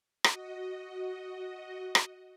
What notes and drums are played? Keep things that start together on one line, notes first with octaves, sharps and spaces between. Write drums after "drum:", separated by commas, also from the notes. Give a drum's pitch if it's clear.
F#4 D#5, drum: rim click
drum: rim click